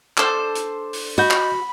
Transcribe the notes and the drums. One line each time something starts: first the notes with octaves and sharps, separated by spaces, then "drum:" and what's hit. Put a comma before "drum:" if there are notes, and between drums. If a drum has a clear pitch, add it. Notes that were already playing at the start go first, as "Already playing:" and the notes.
D4 A4 C5, drum: clap
drum: hi-hat
drum: open hi-hat
F#4 D#5 B5 G6
drum: clap